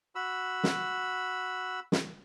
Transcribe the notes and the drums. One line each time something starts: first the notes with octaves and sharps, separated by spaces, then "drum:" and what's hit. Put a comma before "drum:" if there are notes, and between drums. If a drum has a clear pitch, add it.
F#4 B5 E6
drum: snare
drum: snare